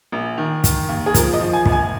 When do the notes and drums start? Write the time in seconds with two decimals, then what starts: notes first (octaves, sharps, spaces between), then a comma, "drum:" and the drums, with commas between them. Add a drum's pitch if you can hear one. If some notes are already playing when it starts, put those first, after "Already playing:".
0.12 A#1
0.38 D#3
0.64 D#3, drum: kick, hi-hat
0.89 D#2
1.06 G#4
1.14 F3 A#4, drum: kick, hi-hat
1.33 D#5
1.40 F3
1.53 G#5
1.66 A#1, drum: kick
1.72 G#5